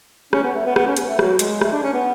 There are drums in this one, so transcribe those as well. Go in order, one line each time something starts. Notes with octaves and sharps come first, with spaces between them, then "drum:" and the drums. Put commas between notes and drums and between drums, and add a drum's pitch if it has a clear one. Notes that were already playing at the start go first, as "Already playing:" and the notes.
C#4, drum: rim click
B3
A3
B3
B3, drum: rim click
C#4
B3, drum: hi-hat
A3
F#3, drum: rim click
G#3, drum: hi-hat
A3, drum: rim click
D4
C#4
B3